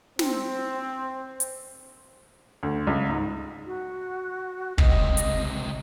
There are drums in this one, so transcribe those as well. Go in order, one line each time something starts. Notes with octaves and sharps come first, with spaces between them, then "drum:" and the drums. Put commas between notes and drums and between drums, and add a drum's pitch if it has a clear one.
C4, drum: snare
drum: hi-hat
D2
C#2
G#2
F#4
C#2 C3 D#5, drum: kick
drum: hi-hat